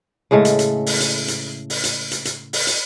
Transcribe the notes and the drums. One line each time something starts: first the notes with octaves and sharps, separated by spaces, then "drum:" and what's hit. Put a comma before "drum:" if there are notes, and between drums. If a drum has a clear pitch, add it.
A2 C#3 G#3 A3
drum: hi-hat
drum: hi-hat
drum: open hi-hat
drum: hi-hat
drum: hi-hat
drum: open hi-hat
drum: hi-hat
drum: hi-hat
drum: hi-hat
drum: open hi-hat
drum: hi-hat